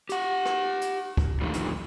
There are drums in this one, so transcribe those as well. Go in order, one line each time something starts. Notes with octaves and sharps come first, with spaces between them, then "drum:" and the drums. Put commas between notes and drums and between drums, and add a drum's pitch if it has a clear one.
G4 F#5, drum: hi-hat
drum: rim click
drum: hi-hat
drum: kick
F2 A2 D3 D#3 G3
drum: hi-hat